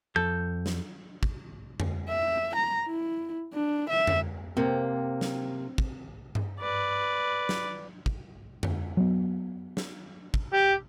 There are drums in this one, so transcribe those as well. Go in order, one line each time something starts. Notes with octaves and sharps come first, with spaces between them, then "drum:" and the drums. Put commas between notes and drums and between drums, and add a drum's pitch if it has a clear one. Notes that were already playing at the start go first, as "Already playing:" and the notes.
F2 A4 G6
drum: snare
drum: kick
drum: tom F2
E5
A#5
E4
D4
E5
drum: tom F2
C3 A#3 C4
drum: snare
drum: kick
drum: tom G2
B4 D5
drum: snare
drum: kick
drum: tom F2
F#3 B3
drum: snare
drum: kick
G4